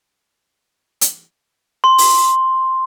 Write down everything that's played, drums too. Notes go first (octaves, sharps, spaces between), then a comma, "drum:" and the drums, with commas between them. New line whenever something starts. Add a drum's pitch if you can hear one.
drum: hi-hat
C6
drum: open hi-hat